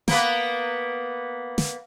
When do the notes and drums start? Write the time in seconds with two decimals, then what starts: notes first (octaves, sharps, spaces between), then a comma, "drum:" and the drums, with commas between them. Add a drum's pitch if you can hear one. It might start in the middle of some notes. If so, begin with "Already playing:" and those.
0.08 A#3 B3 B4, drum: snare
1.58 drum: snare